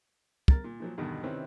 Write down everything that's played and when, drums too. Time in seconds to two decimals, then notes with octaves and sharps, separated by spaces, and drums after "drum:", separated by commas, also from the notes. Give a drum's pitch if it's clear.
0.48 A#4 A6, drum: kick
0.64 A#2
0.80 A#2 F3 F#3
0.98 E2 G2 B2 D3 D#3
1.23 C3 D#3 C4 C#4 E4 B4